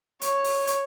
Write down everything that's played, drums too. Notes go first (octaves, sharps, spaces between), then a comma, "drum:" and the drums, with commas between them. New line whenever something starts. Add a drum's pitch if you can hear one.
C#5, drum: hi-hat
drum: open hi-hat
drum: hi-hat